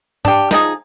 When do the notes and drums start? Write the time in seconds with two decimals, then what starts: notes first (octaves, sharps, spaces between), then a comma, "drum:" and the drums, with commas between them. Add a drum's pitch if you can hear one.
0.25 D4 G4, drum: tom G#2
0.51 F3 D#4 G#4, drum: snare